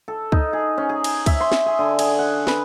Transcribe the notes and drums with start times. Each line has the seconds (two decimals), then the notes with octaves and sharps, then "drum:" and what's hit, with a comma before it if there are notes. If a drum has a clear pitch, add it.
0.08 A4
0.32 D#4, drum: kick C#2
0.53 G#4
0.78 C#4
0.89 G#4
1.04 drum: cymbal
1.26 E5, drum: kick C#2, cymbal
1.41 C6
1.52 drum: snare
1.66 G#4
1.79 D3
1.99 G#4, drum: cymbal
2.19 F#5
2.47 B4, drum: snare